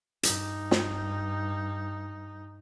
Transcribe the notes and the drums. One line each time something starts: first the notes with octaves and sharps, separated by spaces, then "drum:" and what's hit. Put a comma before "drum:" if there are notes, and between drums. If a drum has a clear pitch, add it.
G2 D#4, drum: hi-hat
drum: snare